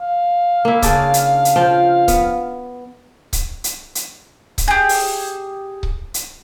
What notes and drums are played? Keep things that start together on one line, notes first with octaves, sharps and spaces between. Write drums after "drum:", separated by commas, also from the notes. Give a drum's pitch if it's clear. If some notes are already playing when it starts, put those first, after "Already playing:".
F5
A#3 E4
C#3 D4 D5, drum: kick C#1, hi-hat
drum: hi-hat
drum: hi-hat
F3 G5
B3, drum: kick C#1, hi-hat
drum: kick C#1, hi-hat
drum: hi-hat
drum: hi-hat
drum: kick C#1, hi-hat
G4 G#4
drum: open hi-hat
drum: kick C#1
drum: hi-hat